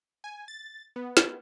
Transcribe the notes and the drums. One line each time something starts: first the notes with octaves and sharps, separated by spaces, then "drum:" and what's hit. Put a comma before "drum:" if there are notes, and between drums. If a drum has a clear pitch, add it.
G#5
A6
B3
drum: snare